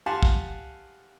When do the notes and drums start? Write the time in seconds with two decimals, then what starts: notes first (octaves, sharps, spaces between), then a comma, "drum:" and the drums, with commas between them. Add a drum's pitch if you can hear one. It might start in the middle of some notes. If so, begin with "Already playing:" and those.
0.06 G4 F5 F#5 G#5 A5 C6
0.23 drum: kick